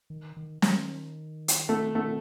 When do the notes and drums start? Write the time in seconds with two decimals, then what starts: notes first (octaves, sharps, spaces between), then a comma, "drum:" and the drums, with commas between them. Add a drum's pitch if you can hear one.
0.10 D#3
0.37 D#3
0.62 D#3, drum: snare
1.48 drum: hi-hat
1.69 A3
1.95 A3